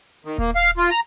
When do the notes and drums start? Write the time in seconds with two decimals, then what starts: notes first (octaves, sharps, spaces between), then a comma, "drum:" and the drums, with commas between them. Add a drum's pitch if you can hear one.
0.25 D#3
0.38 A#3, drum: kick D#1
0.55 F5
0.77 F4
0.90 A#5